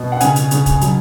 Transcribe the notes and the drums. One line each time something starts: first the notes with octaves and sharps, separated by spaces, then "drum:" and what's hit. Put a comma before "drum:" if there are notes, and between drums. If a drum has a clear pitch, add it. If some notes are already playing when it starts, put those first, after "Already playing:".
Already playing: B2
F#5
C#3 G#5, drum: hi-hat
drum: hi-hat
C#3, drum: hi-hat
drum: kick, hi-hat
F#3, drum: hi-hat